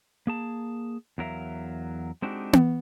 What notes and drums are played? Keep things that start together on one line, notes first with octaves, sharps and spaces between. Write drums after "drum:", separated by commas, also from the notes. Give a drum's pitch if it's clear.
A#3 G#4 A5
E2 F#3 A#4 E5 F5
G#3 C4 D4 D#4 F#4 G4
drum: tom B3